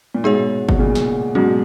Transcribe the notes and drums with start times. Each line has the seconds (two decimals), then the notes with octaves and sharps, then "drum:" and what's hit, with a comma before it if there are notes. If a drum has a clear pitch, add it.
0.15 A#2
0.23 G#2 B2 G#3 D#4 G#4 C#5
0.69 B2, drum: kick G1
0.79 A#2 C#3
0.95 drum: snare
1.35 G#2 B2 F#3 A#3 C#4 F#4